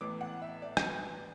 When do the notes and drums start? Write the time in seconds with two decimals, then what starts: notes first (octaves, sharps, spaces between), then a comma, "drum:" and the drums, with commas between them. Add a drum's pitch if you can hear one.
0.01 A1 A2 E3 B3 D6
0.21 F#5
0.42 E5
0.62 D5
0.77 drum: rim click